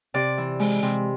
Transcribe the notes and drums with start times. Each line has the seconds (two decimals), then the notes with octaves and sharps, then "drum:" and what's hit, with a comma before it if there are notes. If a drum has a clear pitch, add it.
0.14 C3 D5
0.38 E3
0.60 G#3, drum: open hi-hat
0.83 C3